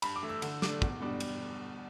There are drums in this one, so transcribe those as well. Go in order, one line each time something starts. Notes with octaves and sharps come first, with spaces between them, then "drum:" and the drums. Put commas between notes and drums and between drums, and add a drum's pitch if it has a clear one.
G2 B5, drum: cymbal
D6
E3 A3 E4
E6
D3 E6, drum: cymbal
A3 D4 D6, drum: snare
E2, drum: kick
B2 G3 D4
drum: cymbal